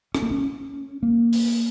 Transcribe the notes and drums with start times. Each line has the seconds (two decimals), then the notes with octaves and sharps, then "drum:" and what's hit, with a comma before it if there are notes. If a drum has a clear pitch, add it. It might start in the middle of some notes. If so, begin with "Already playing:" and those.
0.15 C#4, drum: rim click
0.22 A#3
0.31 C#4
1.03 A#3
1.33 drum: open hi-hat